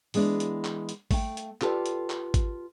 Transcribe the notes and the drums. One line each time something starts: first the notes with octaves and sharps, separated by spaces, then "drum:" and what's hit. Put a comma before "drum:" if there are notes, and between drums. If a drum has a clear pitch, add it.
E3 G#3 B3 D4 E4, drum: open hi-hat
drum: hi-hat
drum: clap
drum: hi-hat
A3 F5 G5, drum: kick G#1, open hi-hat
drum: hi-hat
F4 G4 A4 B4 D5, drum: clap
drum: hi-hat
drum: clap
drum: kick G#1, hi-hat